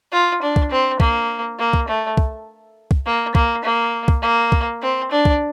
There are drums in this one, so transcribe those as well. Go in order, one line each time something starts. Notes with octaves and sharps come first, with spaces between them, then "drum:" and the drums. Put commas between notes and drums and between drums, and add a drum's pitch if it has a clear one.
F4
D4
drum: kick
C4
A#3, drum: kick
A#3
drum: kick
A3
drum: kick
drum: kick
A#3
A#3, drum: kick
A#3
drum: kick
A#3
drum: kick
C4
D4
drum: kick